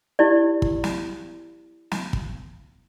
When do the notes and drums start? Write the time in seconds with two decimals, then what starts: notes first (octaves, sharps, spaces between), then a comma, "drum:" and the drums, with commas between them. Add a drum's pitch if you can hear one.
0.19 E4 G4 D5
0.62 drum: kick
0.84 drum: snare
1.92 drum: snare
2.13 drum: kick